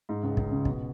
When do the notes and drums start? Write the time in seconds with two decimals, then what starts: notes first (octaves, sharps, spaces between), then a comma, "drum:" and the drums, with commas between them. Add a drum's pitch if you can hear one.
0.09 G#2
0.23 C#2 C#3
0.37 C#2 C#3, drum: kick
0.51 C#2 C#3
0.65 B2, drum: kick